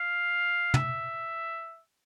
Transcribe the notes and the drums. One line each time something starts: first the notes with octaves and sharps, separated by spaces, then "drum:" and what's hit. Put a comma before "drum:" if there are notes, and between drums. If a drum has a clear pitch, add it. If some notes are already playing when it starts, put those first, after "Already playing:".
Already playing: F5
E5, drum: tom